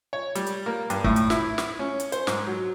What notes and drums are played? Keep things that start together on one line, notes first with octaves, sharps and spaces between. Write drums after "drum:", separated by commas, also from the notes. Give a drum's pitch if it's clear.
C#5
G3, drum: hi-hat
drum: hi-hat
A#3
G2, drum: hi-hat
A2, drum: kick
drum: hi-hat
E4, drum: snare
drum: snare
C#4
drum: hi-hat
C5, drum: hi-hat
G#2, drum: snare
F#3